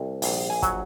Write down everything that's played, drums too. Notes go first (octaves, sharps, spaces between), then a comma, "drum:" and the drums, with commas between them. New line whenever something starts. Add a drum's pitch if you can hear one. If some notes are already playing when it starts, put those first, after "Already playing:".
Already playing: C2
A#1, drum: open hi-hat
G#5
F#3, drum: kick, hi-hat